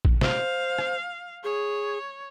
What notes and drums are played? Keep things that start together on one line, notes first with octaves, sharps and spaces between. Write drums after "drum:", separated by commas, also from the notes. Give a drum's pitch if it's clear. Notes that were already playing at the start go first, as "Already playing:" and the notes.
drum: kick A#1
C5 F5, drum: snare
drum: rim click
G#4 C#5